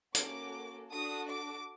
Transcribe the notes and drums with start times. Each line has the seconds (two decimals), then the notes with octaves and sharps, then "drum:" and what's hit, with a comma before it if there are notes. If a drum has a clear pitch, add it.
0.15 A#3 C#4 F#4 A4 D6, drum: hi-hat
0.91 D4 F#4 A4 D#6
1.30 D6